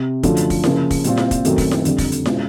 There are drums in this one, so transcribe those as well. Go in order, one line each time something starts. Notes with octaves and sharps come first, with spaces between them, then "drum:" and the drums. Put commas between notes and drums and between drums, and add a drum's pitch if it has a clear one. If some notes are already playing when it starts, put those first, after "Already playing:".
Already playing: C3
F#2 D3 F3 A3, drum: kick, hi-hat
drum: hi-hat
drum: kick, open hi-hat
C#3 F3 A#3, drum: snare E4
drum: kick, open hi-hat
A#2 G3 C4 F4, drum: hi-hat
drum: snare E4
drum: kick, hi-hat
F#2 D#3 F#3 A3 C4, drum: hi-hat
drum: kick, open hi-hat
drum: snare E4
F2 D3 G3, drum: hi-hat
drum: kick, open hi-hat
drum: hi-hat
B2 G#3 C#4 F4, drum: snare E4